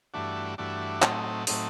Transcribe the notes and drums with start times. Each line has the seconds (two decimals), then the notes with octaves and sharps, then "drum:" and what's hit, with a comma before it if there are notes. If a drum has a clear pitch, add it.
0.14 G2 E3 A3 D4 F#4
0.58 G2 E3 A3 D4 F#4
1.02 A2 F#3 A3 C4 D#4, drum: clap
1.47 A2 F#3 A3 C4 D#4, drum: open hi-hat